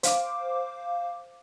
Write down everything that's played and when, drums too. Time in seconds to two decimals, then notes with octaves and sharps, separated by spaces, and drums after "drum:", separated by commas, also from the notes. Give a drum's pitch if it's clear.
0.03 C5 F5 D6, drum: hi-hat